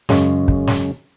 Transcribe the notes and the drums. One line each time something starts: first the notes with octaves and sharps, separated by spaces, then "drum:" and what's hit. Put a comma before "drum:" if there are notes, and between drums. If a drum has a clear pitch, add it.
F#2 C#3 G#3 C#4, drum: snare
drum: kick
drum: snare